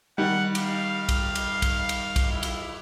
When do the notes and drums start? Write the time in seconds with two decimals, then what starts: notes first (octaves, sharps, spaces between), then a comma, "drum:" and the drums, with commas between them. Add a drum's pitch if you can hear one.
0.18 D#3 G3 F#5
0.55 F5, drum: cymbal
1.09 drum: kick, cymbal
1.35 drum: cymbal
1.62 drum: kick, cymbal
1.89 drum: cymbal
2.16 drum: kick, cymbal
2.32 E4
2.43 drum: cymbal